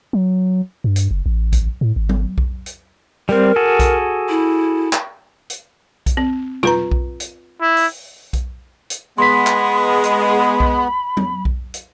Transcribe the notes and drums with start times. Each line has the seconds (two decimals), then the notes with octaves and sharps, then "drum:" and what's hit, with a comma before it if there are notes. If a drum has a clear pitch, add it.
0.13 F#3
0.84 G2
0.96 drum: hi-hat
1.11 F#1
1.26 A1
1.53 drum: kick B1, hi-hat
1.81 A2
1.96 G#1
2.09 drum: tom F#3
2.38 drum: kick B1
2.66 drum: hi-hat
3.29 G3 C4 A#4
3.56 F#4 G#4 A4
3.79 drum: kick B1, hi-hat
4.29 E4
4.93 drum: clap
5.50 drum: hi-hat
6.06 drum: kick B1, hi-hat
6.17 C4
6.63 F4 B4 A#5, drum: tom
6.91 drum: kick B1
7.20 drum: hi-hat
7.61 E4
7.77 drum: open hi-hat
8.33 drum: kick B1, hi-hat
8.90 drum: hi-hat
9.18 G#3 B3 B5 C6 B6
9.47 drum: clap
10.03 drum: hi-hat
10.60 drum: kick B1
11.17 drum: tom F#3
11.45 drum: kick B1
11.74 drum: hi-hat